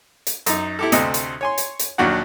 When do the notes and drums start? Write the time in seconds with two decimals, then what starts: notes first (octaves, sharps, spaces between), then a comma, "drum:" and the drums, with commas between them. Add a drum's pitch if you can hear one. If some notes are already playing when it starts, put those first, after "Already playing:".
0.27 drum: hi-hat
0.46 F#2 D#4, drum: hi-hat
0.79 E4 G4 A4
0.92 D2 C3 A3 C4 D#5, drum: hi-hat
1.14 drum: hi-hat
1.41 C#5 G#5 C6
1.58 drum: hi-hat
1.79 drum: hi-hat
1.98 A#1 D#2 F#3 D4 F#4 F#5